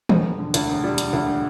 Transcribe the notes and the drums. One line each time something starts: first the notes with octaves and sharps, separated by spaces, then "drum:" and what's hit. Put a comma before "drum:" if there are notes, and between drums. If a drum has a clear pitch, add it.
E1, drum: tom D#3
E1
D3
D2, drum: hi-hat
E1
G3
D3, drum: hi-hat
D2